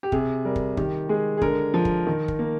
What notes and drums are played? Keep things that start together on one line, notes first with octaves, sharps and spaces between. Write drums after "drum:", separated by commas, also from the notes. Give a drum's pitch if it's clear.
G4
C3 G#4, drum: kick
G3 A#4
drum: kick
D#3 G4, drum: kick
G#3 G#4
G#4
D3 A#4, drum: kick
F3
drum: kick
D#3
drum: kick
A#3